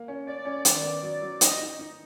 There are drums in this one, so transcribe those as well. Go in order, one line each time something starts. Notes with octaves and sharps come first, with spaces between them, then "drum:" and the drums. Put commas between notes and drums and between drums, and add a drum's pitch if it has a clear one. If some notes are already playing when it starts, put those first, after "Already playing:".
Already playing: A#3
C#4
C#4 D5
C#4
D#3 D5, drum: hi-hat
B3
F#3 D5
F#3
D#4 D#5, drum: hi-hat
D#4
D#4